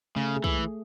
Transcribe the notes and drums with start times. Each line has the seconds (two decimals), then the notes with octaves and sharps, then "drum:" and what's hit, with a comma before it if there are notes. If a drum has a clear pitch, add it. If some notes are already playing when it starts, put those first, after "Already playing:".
0.16 C#3 A3
0.36 G#4
0.44 E3, drum: kick
0.58 A3